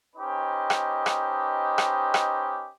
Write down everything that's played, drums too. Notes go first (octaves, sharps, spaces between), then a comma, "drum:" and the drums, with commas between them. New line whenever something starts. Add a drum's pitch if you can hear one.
C#4 D#4 G4 B4 C5 D#5
drum: rim click
drum: rim click
drum: rim click
drum: rim click